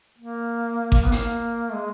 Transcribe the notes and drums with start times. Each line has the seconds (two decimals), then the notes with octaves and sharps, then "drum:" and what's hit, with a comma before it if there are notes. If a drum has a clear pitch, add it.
0.18 A#3
0.92 drum: kick G#1
1.04 B3
1.12 A#3, drum: hi-hat
1.70 A3
1.74 G#3